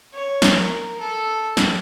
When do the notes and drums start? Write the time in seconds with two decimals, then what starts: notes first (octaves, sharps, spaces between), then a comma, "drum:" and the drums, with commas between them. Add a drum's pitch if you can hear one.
0.13 C#5
0.42 drum: snare
0.56 A#4
1.00 A4
1.57 drum: snare